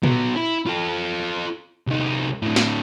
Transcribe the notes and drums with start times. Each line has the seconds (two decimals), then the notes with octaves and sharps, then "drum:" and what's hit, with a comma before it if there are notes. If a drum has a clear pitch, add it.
0.03 F#3 B3, drum: tom A#2
0.36 E4
0.66 F4 A4
1.87 C2 D#4
2.42 A2 D3
2.56 drum: snare